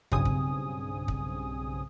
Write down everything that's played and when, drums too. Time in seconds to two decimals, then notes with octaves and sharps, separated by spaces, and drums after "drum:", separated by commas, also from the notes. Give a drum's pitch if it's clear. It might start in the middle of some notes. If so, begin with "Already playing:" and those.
0.12 B1 G2 C#3 C4 G#5 D#6, drum: kick
0.25 drum: kick
1.08 drum: kick